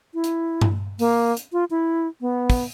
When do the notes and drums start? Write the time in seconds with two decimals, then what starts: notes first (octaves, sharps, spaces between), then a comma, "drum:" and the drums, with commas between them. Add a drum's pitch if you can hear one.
0.14 E4
0.24 drum: hi-hat
0.61 drum: tom G2
0.99 A#3, drum: open hi-hat
1.37 drum: hi-hat
1.53 F4
1.71 E4
2.21 B3
2.50 drum: kick, open hi-hat